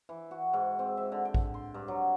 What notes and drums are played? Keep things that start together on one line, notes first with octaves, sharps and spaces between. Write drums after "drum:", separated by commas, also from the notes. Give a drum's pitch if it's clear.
E3
F#4
G#2
C4
E5
D3
G5
drum: kick A1
C6
G2
F#3